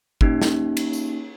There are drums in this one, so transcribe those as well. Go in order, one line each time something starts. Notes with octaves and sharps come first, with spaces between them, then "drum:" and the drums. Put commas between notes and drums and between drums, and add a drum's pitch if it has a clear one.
A#3 C#4 D#4 G4, drum: kick
drum: snare
drum: cymbal
drum: tambourine